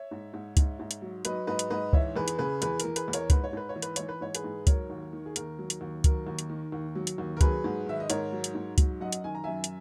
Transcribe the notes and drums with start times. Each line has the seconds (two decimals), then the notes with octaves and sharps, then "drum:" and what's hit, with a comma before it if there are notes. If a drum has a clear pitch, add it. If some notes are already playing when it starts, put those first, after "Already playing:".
Already playing: C#5 E5
0.11 G#2
0.34 G#2
0.57 G#2, drum: kick, hi-hat
0.79 G#2
0.91 drum: hi-hat
1.02 F#3
1.25 F#3 B4 D#5, drum: hi-hat
1.47 G#2 B4 D#5
1.59 drum: hi-hat
1.70 G#2 B4 D#5
1.93 E3 C#5 E5, drum: kick
2.16 E2 G#4 B4
2.28 drum: hi-hat
2.38 C#3 G#4 B4
2.62 E2 G#4 B4, drum: hi-hat
2.80 E3 A#4, drum: hi-hat
2.96 G#4 B4, drum: hi-hat
3.08 E2
3.13 A#4 C#5, drum: hi-hat
3.30 G#2 B4, drum: kick, hi-hat
3.44 C#5
3.53 G#2 B4
3.69 C#5
3.76 E3
3.82 B4, drum: hi-hat
3.96 E3 C#5, drum: hi-hat
4.09 B4
4.21 G#2 C#5
4.35 G#4 B4, drum: hi-hat
4.44 G#2
4.67 F#3 A#4 C#5, drum: kick, hi-hat
4.90 D#2
5.13 D#3
5.26 G#4
5.36 D#2 A#4, drum: hi-hat
5.58 F#3
5.70 drum: hi-hat
5.81 D#2
6.04 F#3 A#4, drum: kick, hi-hat
6.27 D#2
6.39 drum: hi-hat
6.50 D#3
6.72 D#2
6.95 F#3
7.07 drum: hi-hat
7.18 D#2
7.37 A#4
7.41 F#3 G#4 B4, drum: kick, hi-hat
7.64 G#2
7.86 D#3 E5
8.00 D#5
8.10 G#2 A#4 C#5, drum: hi-hat
8.32 F#3
8.44 drum: hi-hat
8.55 G#2
8.78 F#3, drum: kick, hi-hat
9.01 F#2 D#5 F#5
9.12 drum: hi-hat
9.24 D#3 G#5
9.35 A#5
9.44 F#2 E5 G#5
9.64 drum: hi-hat